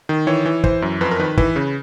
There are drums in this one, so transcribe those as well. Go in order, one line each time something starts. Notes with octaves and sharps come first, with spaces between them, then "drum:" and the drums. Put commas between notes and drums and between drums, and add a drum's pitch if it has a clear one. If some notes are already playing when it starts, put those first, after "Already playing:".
D#3
E3 C#5
E3
E3 C5, drum: kick
F#2
F2 B4
A#4
D#3 B4
E3 B4, drum: kick
C#3